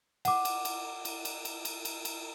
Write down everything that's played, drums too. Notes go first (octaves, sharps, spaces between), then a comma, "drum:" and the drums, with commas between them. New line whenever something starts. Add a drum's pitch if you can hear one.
F#5 D6, drum: cymbal
drum: cymbal
drum: cymbal
drum: cymbal
drum: cymbal
drum: cymbal
drum: cymbal
drum: cymbal
drum: cymbal